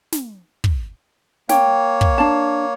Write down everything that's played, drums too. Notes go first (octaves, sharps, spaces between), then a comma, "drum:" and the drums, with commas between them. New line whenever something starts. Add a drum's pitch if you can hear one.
drum: snare
drum: kick
A#3 C#5 G5, drum: snare
drum: kick
D4 A5